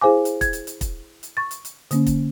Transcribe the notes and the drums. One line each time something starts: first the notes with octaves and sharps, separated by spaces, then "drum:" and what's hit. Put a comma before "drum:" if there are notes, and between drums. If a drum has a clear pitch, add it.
E4 G#4 C5 F5 G#5 D6
drum: hi-hat
G#6, drum: kick, hi-hat
drum: hi-hat
drum: hi-hat
drum: kick, hi-hat
drum: hi-hat
C#6 A6
drum: hi-hat
drum: hi-hat
D3 A#3 C#4, drum: hi-hat
drum: kick, hi-hat